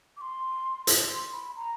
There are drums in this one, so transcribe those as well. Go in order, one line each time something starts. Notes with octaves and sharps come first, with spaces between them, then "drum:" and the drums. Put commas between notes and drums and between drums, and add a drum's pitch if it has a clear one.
D6
C6
drum: hi-hat
C6
B5
A#5